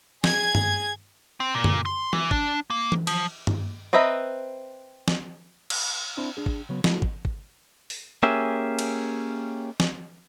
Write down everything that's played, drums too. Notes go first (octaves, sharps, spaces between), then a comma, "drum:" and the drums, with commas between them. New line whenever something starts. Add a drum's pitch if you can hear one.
G#4 G#6, drum: snare
drum: tom G2
C4
A#2
drum: tom F#2
C6
E3, drum: tom
D4, drum: kick
A#3
drum: tom E3
F3, drum: cymbal
drum: tom G2
C4 B4 D#5 E5 A#5
drum: snare
drum: cymbal
C4 D4 E4 D5
D4 G#4
drum: kick
C#3 F#3 B3
F3 F#3 G#3 A3 E4 F#4, drum: snare
drum: kick
drum: kick
drum: open hi-hat
A#3 C#4 G4 G#4 E5
drum: cymbal
drum: snare